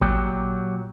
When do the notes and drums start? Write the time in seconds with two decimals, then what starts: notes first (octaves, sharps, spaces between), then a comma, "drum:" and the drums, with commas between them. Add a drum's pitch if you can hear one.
0.01 A#2 F#3 G4, drum: kick A1